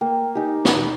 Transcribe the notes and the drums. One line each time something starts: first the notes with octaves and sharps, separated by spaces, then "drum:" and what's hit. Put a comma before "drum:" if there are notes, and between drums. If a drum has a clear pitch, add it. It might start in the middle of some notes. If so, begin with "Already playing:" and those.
A#3 G5
D#4 G4 G#5
drum: snare